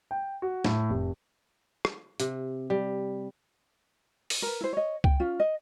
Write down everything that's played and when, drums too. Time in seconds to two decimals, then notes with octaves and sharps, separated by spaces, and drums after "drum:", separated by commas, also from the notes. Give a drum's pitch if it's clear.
0.11 G5
0.42 F#4
0.65 A2, drum: snare
0.90 F1
1.85 drum: rim click
2.20 C3, drum: hi-hat
2.70 G3
4.30 drum: open hi-hat
4.42 A#4 B4
4.61 E4 C5
4.73 C#5 D#5
5.04 G5, drum: kick C#2
5.20 C#4 F4
5.40 D#5